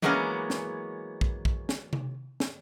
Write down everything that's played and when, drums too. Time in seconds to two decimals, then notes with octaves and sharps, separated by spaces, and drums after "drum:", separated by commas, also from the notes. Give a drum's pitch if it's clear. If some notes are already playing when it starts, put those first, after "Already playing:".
0.02 E3 F#3 G#3 A#3 B3 C#4, drum: tom F3
0.50 drum: snare
1.21 drum: kick A#1
1.45 drum: kick A#1
1.69 drum: snare
1.93 drum: tom C3
2.40 drum: snare